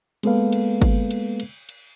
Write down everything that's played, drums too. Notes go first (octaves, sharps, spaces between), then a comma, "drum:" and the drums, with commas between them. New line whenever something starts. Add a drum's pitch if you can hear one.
G#3 A#3 B3 A4 B4 F5, drum: cymbal
drum: cymbal
drum: kick, cymbal
drum: cymbal
drum: cymbal
drum: cymbal